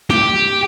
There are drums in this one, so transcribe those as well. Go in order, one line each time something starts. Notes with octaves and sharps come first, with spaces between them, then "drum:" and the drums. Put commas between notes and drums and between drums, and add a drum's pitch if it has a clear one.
G4, drum: snare